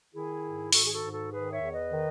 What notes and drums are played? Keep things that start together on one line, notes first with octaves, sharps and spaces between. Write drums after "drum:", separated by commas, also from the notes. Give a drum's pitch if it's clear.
D#3 E4 G#4
G#2
D#3 F#4 A4, drum: open hi-hat
G#4
F#4 A4
G#2
F#4 A4
D#3 G#4 B4
C#5 E5
E2
B4 D#5
D#3